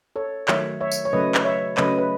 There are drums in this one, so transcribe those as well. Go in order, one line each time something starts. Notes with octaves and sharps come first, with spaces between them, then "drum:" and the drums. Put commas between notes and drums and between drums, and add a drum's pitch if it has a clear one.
A4 C#5
D#3 F#3 A3 C#5 E5, drum: clap
C#5 E5
drum: tambourine
C#5
C#3 F#3 A3 B4 D#5
drum: clap
C#5 E5
C#3 F#3 A3 B4 D#5, drum: clap
B4